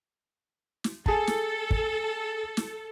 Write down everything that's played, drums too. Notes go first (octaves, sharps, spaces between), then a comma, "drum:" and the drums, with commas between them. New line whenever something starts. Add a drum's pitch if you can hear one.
drum: snare
G#4 A4 A5, drum: kick
drum: snare
drum: kick
drum: snare